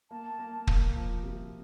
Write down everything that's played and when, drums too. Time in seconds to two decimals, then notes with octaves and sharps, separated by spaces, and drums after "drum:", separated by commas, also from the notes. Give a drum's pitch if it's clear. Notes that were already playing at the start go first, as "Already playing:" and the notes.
0.11 A#3 A5
0.39 A#3
0.67 A#3, drum: kick
0.96 F3
1.23 C3